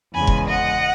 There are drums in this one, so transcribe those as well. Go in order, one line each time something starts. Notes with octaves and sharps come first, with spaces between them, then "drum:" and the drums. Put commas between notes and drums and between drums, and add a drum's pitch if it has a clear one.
E2 C#3 G#3 G#5 B5
drum: kick F1
D#5 F#5